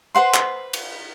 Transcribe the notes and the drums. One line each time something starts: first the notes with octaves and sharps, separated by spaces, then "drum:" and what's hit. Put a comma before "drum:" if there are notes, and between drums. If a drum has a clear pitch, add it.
B4 C5 F#5 C6
drum: clap
drum: cymbal